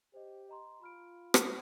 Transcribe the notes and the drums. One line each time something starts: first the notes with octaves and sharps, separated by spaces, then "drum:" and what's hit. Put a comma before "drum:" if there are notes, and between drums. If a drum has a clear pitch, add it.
G4 C5 D#5
D#5 A#5 C6
F4 B5 F6 D7
drum: rim click